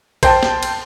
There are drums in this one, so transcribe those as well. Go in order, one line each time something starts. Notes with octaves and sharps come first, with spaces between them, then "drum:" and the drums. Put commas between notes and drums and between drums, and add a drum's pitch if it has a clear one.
C5 G5 A5, drum: kick, cymbal
drum: snare
drum: cymbal